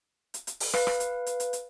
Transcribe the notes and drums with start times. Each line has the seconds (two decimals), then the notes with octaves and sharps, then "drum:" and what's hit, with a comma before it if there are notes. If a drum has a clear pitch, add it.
0.34 drum: hi-hat
0.47 drum: hi-hat
0.60 drum: open hi-hat
0.74 B4 F5, drum: rim click
0.87 drum: rim click
1.00 drum: hi-hat
1.26 drum: hi-hat
1.40 drum: hi-hat
1.53 drum: hi-hat